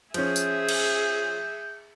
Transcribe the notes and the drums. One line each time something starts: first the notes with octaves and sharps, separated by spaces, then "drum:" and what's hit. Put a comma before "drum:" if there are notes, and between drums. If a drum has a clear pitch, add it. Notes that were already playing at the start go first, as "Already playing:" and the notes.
F3 C#4 G#4 E5 G6, drum: cymbal
drum: tambourine
drum: cymbal